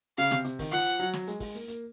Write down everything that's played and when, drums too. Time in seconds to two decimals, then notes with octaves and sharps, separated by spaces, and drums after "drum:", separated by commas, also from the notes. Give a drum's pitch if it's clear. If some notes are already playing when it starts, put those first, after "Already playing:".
0.18 C#3 F5, drum: hi-hat
0.31 C3, drum: snare
0.45 C3, drum: hi-hat
0.59 D#3, drum: kick, open hi-hat
0.72 F3 F#5, drum: hi-hat
0.86 drum: hi-hat
0.99 F#3, drum: hi-hat
1.13 drum: snare
1.28 G#3, drum: hi-hat
1.40 G#3, drum: kick, open hi-hat
1.55 A#3, drum: hi-hat
1.68 A#3, drum: hi-hat